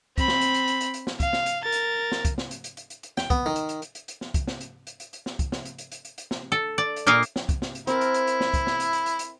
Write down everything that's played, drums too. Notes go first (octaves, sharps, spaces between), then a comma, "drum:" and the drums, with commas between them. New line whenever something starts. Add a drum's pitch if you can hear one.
C4 B5, drum: kick, hi-hat
drum: snare
drum: hi-hat
drum: hi-hat
drum: hi-hat
drum: hi-hat
drum: hi-hat
drum: snare
F5, drum: kick, hi-hat
drum: snare
drum: hi-hat
A#4 A6
drum: hi-hat
drum: snare
drum: kick, hi-hat
drum: snare
drum: hi-hat
drum: hi-hat
drum: hi-hat
drum: hi-hat
drum: hi-hat
G5, drum: snare
B3, drum: kick, hi-hat
D#3
drum: hi-hat
drum: hi-hat
drum: hi-hat
drum: hi-hat
drum: hi-hat
drum: snare
drum: kick, hi-hat
drum: snare
drum: hi-hat
drum: hi-hat
drum: hi-hat
drum: hi-hat
drum: snare
drum: kick, hi-hat
drum: snare
drum: hi-hat
drum: hi-hat
drum: hi-hat
drum: hi-hat
drum: hi-hat
drum: snare
A4
D5
drum: hi-hat
A#2 A#3 A#4 D#5 F5
drum: hi-hat
drum: snare
drum: kick, hi-hat
drum: snare
drum: hi-hat
C4 E4 A#4, drum: hi-hat
drum: hi-hat
drum: hi-hat
drum: hi-hat
drum: snare
drum: kick, hi-hat
drum: snare
drum: hi-hat
drum: hi-hat
drum: hi-hat
drum: hi-hat